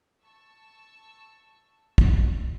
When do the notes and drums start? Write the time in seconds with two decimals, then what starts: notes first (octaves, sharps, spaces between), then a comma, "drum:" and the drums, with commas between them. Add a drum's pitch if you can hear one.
0.20 A5 C#6 E6
1.98 drum: kick